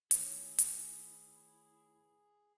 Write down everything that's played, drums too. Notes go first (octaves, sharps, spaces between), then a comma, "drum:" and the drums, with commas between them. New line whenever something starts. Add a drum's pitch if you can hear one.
D#3 A3 E4 G#4 B4 C#5, drum: hi-hat
drum: hi-hat